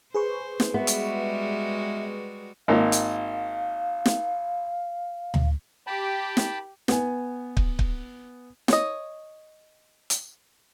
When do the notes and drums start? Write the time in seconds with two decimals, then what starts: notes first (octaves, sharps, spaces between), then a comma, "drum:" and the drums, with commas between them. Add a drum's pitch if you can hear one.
0.14 G#4 B4 C5 C#6
0.60 drum: snare
0.74 G3 G#3 B3 F#4 E5
0.87 drum: hi-hat
2.68 G#1 A#3 F5
2.92 drum: hi-hat
4.06 drum: snare
5.34 drum: tom D2
5.87 G4 G5 A5 B5
6.37 drum: snare
6.88 B3 G#5, drum: snare
7.57 drum: kick
7.79 drum: kick
8.68 C#5 D#5, drum: snare
10.10 drum: hi-hat